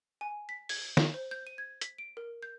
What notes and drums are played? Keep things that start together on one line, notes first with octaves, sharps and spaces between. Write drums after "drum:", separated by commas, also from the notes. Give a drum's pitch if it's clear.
G#5
B6
G#6, drum: open hi-hat
drum: snare
C5
G6
D#7
G#6
B6, drum: hi-hat
D7
A#4
G6